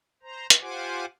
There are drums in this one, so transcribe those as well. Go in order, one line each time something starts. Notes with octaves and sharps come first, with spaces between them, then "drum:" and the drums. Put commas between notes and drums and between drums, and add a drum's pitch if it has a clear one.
C5 A#5
drum: hi-hat
F4 G4 C5 F#5 G#5 D6